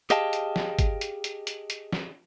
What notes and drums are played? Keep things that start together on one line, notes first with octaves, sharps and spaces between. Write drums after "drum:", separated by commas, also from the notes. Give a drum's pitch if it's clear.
G4 G#4 D#5 F5 G5 A5, drum: hi-hat
drum: hi-hat
drum: snare
drum: kick, hi-hat
drum: hi-hat
drum: hi-hat
drum: hi-hat
drum: hi-hat
drum: snare